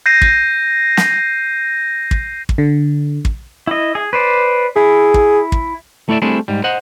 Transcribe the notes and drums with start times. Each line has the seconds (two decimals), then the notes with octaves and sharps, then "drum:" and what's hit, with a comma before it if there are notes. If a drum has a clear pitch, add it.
0.06 G6 A#6 C7 D#7
0.22 drum: kick
0.97 drum: snare
2.11 drum: kick
2.49 drum: kick
2.58 D3
3.25 drum: kick
3.67 E4 D#5
3.95 G#4
4.13 B4 C5 D5
4.76 E4 G#4
5.14 drum: kick
5.52 drum: kick
6.09 A3 E4 C#5 D5 E5
6.22 G3 A3 C4 D4 E4 G#4
6.48 G#2 G3
6.64 C5 D#5 F#5